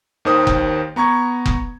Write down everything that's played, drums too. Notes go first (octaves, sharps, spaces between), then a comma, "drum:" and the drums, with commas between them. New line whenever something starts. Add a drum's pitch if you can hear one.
D#2 D#3 C5 D#6
drum: kick F#1
B3 A#5 C#6 G#6
drum: kick F#1